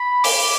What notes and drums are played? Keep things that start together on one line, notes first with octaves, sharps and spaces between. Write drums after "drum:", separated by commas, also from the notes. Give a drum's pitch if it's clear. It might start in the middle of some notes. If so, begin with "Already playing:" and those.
Already playing: B5
D6, drum: open hi-hat